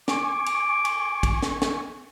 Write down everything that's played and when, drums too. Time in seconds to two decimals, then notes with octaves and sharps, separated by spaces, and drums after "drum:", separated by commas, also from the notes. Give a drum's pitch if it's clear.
0.08 G#5 C#6 D6, drum: snare
0.46 drum: cymbal
0.85 drum: cymbal
1.23 drum: kick, cymbal
1.42 drum: snare
1.62 drum: snare